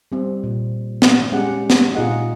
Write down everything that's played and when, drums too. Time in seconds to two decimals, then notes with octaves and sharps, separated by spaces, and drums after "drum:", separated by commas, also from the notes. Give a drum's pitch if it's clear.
0.12 G3 C4
0.44 A#2
1.02 drum: snare
1.32 G#3 C#4 G4 F#5
1.70 drum: snare
1.95 A#2 D#4 F4 G#4 D#5 F#5